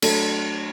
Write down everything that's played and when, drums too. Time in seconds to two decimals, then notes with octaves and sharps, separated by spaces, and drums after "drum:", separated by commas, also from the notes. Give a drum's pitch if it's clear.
0.02 F#3 A3 D4 A4, drum: cymbal